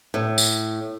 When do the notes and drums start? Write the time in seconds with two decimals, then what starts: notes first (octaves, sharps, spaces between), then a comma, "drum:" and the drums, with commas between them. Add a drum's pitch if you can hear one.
0.14 A2
0.38 drum: tambourine